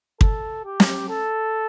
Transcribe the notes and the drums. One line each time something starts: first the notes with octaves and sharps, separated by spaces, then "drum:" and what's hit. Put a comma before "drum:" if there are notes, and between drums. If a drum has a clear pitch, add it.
A4, drum: kick
G4
drum: snare
A4